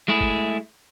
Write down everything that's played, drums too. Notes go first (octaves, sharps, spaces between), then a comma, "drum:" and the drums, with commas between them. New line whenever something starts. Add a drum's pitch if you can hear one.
G#3 A3 E4 G#4
drum: kick